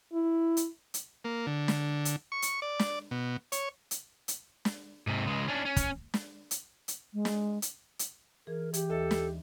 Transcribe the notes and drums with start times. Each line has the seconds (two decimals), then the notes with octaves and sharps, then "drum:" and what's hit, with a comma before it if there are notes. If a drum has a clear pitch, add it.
0.13 E4
0.57 drum: hi-hat
0.94 drum: hi-hat
1.24 A#3
1.47 D3
1.68 drum: snare
2.05 drum: hi-hat
2.32 C#6
2.42 drum: hi-hat
2.62 D5
2.79 drum: snare
3.11 B2
3.52 C#5, drum: hi-hat
3.91 drum: hi-hat
4.28 drum: hi-hat
4.65 drum: snare
5.07 G#2 C3
5.27 C#2 G#3
5.48 C#4 D4
5.65 C#4
5.76 drum: kick, hi-hat
6.14 drum: snare
6.51 drum: hi-hat
6.88 drum: hi-hat
7.14 G#3
7.25 drum: snare
7.62 drum: hi-hat
7.99 drum: hi-hat
8.47 E3 G#4 A#4
8.74 E3 G4, drum: hi-hat
8.89 D#2 A4 D#5 E5
9.11 drum: snare